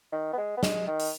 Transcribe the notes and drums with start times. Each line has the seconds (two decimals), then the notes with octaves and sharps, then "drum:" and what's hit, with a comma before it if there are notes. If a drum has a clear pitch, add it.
0.12 D#3
0.33 B3
0.38 G#3
0.57 B3
0.63 G#3, drum: snare
0.87 D#3
1.00 drum: open hi-hat